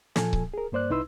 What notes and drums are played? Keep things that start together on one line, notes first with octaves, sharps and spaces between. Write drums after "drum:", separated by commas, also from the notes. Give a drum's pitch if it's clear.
A#2 F3 A4 G#5, drum: snare
drum: kick C#1
G#4 A#4
G2 A#3 C5 D5 F#6
C2 D#4 E4 B4 C6 E6